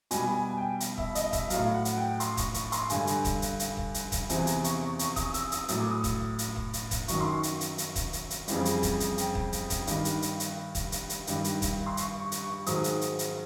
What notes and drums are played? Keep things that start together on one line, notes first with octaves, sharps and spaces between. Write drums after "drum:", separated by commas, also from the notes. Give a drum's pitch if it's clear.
B2 G3 G#5, drum: hi-hat
G#5
G#5
G5
drum: hi-hat
E5, drum: kick
D#5, drum: hi-hat
E5, drum: kick, hi-hat
A2 F#3 F5, drum: hi-hat
F#5
drum: hi-hat
G5
C6, drum: hi-hat
C#6, drum: kick, hi-hat
C#6, drum: hi-hat
C6, drum: hi-hat
G2 D3 G3 G#5, drum: hi-hat
drum: hi-hat
drum: kick, hi-hat
drum: hi-hat
drum: hi-hat
drum: kick
drum: hi-hat
drum: kick, hi-hat
E2 C3 E3 G#5, drum: hi-hat
drum: hi-hat
C#6, drum: hi-hat
C#6
C#6, drum: hi-hat
D#6, drum: kick, hi-hat
E6, drum: hi-hat
D#6, drum: hi-hat
A2 F#3 D#6, drum: hi-hat
D6
D#6
drum: kick, hi-hat
drum: hi-hat
drum: kick
drum: hi-hat
drum: kick, hi-hat
F#2 D#3 F#3 C#6, drum: hi-hat
C6
C#6
drum: hi-hat
drum: hi-hat
drum: hi-hat
drum: kick, hi-hat
drum: hi-hat
drum: hi-hat
F2 C#3 E3 G3, drum: hi-hat
drum: hi-hat
drum: kick, hi-hat
drum: hi-hat
G5, drum: hi-hat
drum: kick
drum: hi-hat
drum: kick, hi-hat
G2 D#3 G3, drum: hi-hat
drum: hi-hat
drum: hi-hat
drum: hi-hat
drum: kick, hi-hat
drum: hi-hat
drum: hi-hat
G2 D#3 G3, drum: hi-hat
drum: hi-hat
drum: kick, hi-hat
C6
C#6, drum: hi-hat
C#6
drum: hi-hat
C#6
G#2 D#3 F#3 D#6, drum: hi-hat
drum: hi-hat
drum: hi-hat
drum: hi-hat